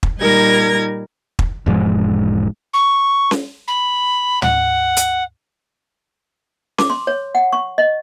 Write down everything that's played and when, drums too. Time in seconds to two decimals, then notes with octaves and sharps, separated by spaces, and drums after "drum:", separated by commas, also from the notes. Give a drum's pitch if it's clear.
0.03 drum: kick
0.18 A#2 G3 D#4 A#4 G#6 A#6
1.39 drum: kick
1.66 E1 G#2 F3 G#3
2.73 C#6
3.31 drum: snare C#4
3.67 B5
4.42 F#5, drum: tom
4.97 drum: hi-hat
6.78 D6, drum: snare C#4
6.90 C6
7.07 C#5
7.35 F#5
7.53 C#6
7.78 D#5